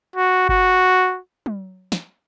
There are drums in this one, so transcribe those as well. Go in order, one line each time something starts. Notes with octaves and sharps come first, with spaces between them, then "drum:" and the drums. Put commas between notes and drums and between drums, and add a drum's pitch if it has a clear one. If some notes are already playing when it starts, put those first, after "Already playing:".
F#4
F#4, drum: kick G1
drum: tom
drum: snare